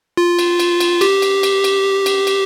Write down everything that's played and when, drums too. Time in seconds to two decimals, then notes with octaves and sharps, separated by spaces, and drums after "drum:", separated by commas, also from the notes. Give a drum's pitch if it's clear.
0.17 F4
0.39 drum: cymbal
0.60 drum: cymbal
0.80 drum: cymbal
1.01 G4, drum: cymbal
1.22 drum: cymbal
1.43 drum: cymbal
1.64 drum: cymbal
2.06 drum: cymbal
2.27 drum: cymbal